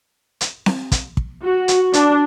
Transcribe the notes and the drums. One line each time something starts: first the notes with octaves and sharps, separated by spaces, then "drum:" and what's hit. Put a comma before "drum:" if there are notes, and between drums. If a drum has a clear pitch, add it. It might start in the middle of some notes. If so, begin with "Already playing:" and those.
drum: hi-hat
drum: snare C4
drum: kick, hi-hat
drum: kick
F#4
drum: hi-hat
D4, drum: hi-hat